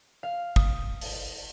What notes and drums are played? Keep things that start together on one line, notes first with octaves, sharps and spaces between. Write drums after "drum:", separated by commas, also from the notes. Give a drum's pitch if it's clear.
F5
D#6, drum: kick
drum: open hi-hat